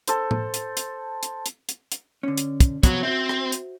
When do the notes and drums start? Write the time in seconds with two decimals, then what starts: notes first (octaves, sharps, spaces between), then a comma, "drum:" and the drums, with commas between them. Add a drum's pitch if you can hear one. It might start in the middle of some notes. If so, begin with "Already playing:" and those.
0.07 A4 C5, drum: hi-hat
0.31 drum: tom A2
0.54 drum: hi-hat
0.77 drum: hi-hat
1.23 drum: hi-hat
1.46 drum: hi-hat
1.69 drum: hi-hat
1.92 drum: hi-hat
2.23 D3 C#4
2.37 drum: hi-hat
2.60 drum: kick, hi-hat
2.83 C3 F3 B3 F#4 C#5, drum: kick, hi-hat
3.03 C4 F#4 C5 E5
3.29 drum: rim click
3.52 drum: hi-hat